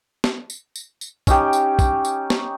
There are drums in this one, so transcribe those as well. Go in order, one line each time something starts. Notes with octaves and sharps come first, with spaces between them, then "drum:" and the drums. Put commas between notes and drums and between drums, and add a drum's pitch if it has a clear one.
drum: snare
drum: tambourine
drum: tambourine
drum: tambourine
C#4 D#4 G4 G5, drum: kick, tambourine
drum: tambourine
drum: kick, tambourine
drum: tambourine
drum: snare